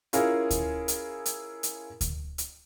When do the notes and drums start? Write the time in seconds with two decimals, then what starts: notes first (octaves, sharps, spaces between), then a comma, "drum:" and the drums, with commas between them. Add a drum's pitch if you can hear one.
0.13 C#4 E4 F4 G#4 A#4, drum: hi-hat
0.50 drum: kick D2, hi-hat
0.88 drum: hi-hat
1.26 drum: hi-hat
1.63 drum: hi-hat
2.01 drum: kick D2, hi-hat
2.38 drum: hi-hat